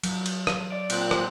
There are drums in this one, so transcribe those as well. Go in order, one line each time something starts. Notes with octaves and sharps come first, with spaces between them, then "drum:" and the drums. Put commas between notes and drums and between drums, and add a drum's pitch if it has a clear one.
F#3, drum: cymbal
drum: cymbal
drum: rim click
D5
A#2 C4 F#6, drum: cymbal
drum: rim click